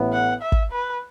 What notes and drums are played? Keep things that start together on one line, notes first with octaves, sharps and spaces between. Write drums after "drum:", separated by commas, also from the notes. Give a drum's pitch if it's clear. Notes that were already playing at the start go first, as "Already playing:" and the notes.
Already playing: A1 A2 E3 B3
F#5
E5
drum: kick
B4